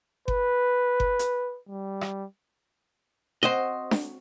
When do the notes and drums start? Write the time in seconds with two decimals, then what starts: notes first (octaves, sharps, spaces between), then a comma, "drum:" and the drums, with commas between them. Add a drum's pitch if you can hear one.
0.28 B4, drum: kick G1
1.00 drum: kick G1
1.19 drum: hi-hat
1.68 G3
2.01 drum: rim click
3.43 C4 F#4 C5 D#5
3.91 drum: snare D4